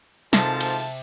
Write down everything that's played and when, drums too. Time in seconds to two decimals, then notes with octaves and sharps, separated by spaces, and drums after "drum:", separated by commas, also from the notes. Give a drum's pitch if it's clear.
0.33 G#1 G#2 C3 F3 A4 A5, drum: snare
0.61 drum: cymbal